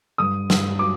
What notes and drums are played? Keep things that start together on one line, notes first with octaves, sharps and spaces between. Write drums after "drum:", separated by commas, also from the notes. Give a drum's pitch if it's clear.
G2 D#6
G2, drum: snare
F#3 D6